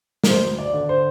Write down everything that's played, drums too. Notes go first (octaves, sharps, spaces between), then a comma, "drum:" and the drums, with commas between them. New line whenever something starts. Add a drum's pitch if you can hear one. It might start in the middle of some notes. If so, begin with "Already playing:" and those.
A#4, drum: snare
D2 C5
D5
D3
C5